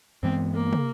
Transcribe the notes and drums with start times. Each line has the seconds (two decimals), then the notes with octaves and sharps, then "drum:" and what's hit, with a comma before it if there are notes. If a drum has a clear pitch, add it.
0.23 G2 E3 G#3 B3 C4
0.54 A#3
0.73 drum: tom